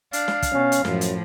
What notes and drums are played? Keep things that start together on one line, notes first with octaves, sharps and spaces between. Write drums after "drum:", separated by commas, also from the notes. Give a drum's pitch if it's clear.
D4 F5, drum: hi-hat
drum: snare
drum: kick, hi-hat
B2 C#4
drum: hi-hat
F#2 A2 F3, drum: snare
drum: hi-hat